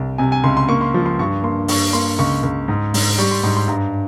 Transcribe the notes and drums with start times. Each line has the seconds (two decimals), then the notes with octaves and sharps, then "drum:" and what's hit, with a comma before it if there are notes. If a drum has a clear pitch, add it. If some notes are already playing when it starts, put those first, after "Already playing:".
Already playing: C2
0.18 C3 G#5
0.32 G#5
0.44 C#2 C6
0.57 C6
0.68 A#3 C#6
0.81 C6
0.94 F3
1.06 C6
1.19 G2 C#6
1.43 A#3 C6
1.68 G2 C#6, drum: open hi-hat
1.93 A#3 C6
2.19 C#2 C#6
2.43 C#2
2.68 G#2
2.94 G#2, drum: open hi-hat
3.18 G3 C#6
3.31 C6
3.43 G#2 C6
3.56 C6
3.68 G2 A#5